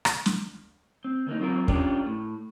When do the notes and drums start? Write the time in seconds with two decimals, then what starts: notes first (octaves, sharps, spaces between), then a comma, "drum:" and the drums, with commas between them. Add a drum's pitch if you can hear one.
0.05 drum: rim click
0.26 drum: snare
1.05 C4
1.27 D2 A#3 D#4
1.40 F#3 C4 F4 A#4
1.68 C#4 D4 F4 G4 A#4 D5, drum: kick
2.06 A2